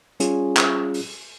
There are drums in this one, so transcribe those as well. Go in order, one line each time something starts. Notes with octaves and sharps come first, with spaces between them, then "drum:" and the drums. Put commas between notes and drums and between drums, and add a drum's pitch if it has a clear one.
G3 C#4 F4 G#4, drum: hi-hat
drum: clap
drum: open hi-hat